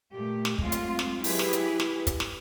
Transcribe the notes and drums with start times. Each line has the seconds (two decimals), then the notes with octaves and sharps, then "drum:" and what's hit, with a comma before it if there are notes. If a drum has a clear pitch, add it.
0.13 A#2 A3 G4
0.45 drum: snare
0.58 F#3 G#3 A3 C4 F4, drum: kick
0.72 drum: hi-hat
0.99 drum: snare
1.24 F#3 E4 G4 G#4 B4, drum: open hi-hat
1.39 drum: snare
1.53 drum: hi-hat
1.80 drum: snare
2.07 drum: kick, hi-hat
2.20 drum: snare